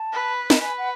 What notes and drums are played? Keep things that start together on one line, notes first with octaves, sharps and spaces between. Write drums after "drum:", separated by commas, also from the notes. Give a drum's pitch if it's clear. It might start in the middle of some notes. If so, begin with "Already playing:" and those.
Already playing: A5
B4
drum: snare
B4 G#5
F#5